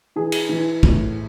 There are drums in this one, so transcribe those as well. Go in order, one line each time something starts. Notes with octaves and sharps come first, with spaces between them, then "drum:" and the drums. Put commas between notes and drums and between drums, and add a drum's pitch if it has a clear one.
E3 G#4
drum: cymbal
E3
A2, drum: kick